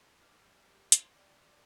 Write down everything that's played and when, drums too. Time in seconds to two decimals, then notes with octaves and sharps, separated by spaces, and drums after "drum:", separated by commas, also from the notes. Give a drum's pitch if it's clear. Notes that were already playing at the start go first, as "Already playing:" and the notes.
0.22 D#3 D6 F6
0.37 G3
0.70 G4 A#4
0.92 C6, drum: hi-hat
1.15 D5 G5
1.45 D5